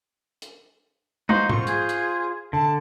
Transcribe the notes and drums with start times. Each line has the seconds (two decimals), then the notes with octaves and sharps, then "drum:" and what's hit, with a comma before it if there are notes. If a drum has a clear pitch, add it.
0.42 drum: hi-hat
1.29 D#4 F#4 C5 F5, drum: tom
1.50 F4 C5 C#6, drum: tom G#2
1.67 G#4, drum: hi-hat
1.89 drum: hi-hat
2.53 D3 A5